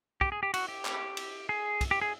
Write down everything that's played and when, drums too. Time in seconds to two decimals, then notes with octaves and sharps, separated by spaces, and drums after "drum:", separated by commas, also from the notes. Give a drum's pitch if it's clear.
0.21 G4, drum: kick
0.32 G#4
0.43 G4
0.54 F#4, drum: cymbal
0.68 G4
0.85 drum: clap
1.17 drum: cymbal
1.49 G#4
1.81 drum: kick, cymbal
1.91 G4
2.01 G#4